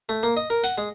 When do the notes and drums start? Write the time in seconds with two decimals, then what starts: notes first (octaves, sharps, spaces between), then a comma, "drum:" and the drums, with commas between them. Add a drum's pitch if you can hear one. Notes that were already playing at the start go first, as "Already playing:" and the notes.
0.09 A3
0.23 A#3
0.37 D#5
0.50 A#4
0.64 F#5, drum: open hi-hat
0.78 G#3